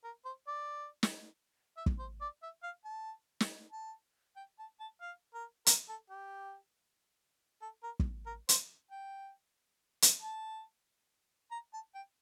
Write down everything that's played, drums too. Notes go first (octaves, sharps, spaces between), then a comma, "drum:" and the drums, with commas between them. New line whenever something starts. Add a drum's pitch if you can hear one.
A#4
C5
D5
drum: snare
E5
drum: kick
C5
D5
E5
F5
A5
drum: snare
A5
G5
A5
A5
F5
A#4
A#4, drum: hi-hat
A4
G4
A4
A#4
drum: kick
A#4
C5, drum: hi-hat
G5
drum: hi-hat
A5
A#5
A5
G5